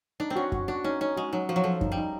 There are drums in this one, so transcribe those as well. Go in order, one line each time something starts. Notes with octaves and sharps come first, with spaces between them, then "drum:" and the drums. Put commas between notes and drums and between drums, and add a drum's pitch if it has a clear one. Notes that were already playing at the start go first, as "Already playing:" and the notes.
D4 D#4
C4
C#4 F#4
F#4, drum: kick F#2
D4 F#4
C#4 D#4
C#4 D#4
G#3 F#4
F#3 D#4
F3 F#4
F#3
F3 A4
D#4, drum: kick F#2
G3
D#4